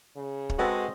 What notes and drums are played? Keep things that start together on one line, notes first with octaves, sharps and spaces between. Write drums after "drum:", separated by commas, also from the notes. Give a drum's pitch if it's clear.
C#3
drum: kick
G#3 C4 F#4 A4 B4 D#5 F#5